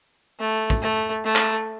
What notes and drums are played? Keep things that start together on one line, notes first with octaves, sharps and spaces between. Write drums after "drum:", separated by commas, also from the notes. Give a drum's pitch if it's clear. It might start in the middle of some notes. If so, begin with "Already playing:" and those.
A3
drum: kick
A3
A3
drum: clap